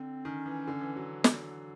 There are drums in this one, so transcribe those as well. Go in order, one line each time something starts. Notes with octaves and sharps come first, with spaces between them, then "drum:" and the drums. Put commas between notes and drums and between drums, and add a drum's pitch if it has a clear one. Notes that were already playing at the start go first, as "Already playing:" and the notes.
Already playing: D3 C4
D#3 C#4
E3
D3
E3
F#3
drum: snare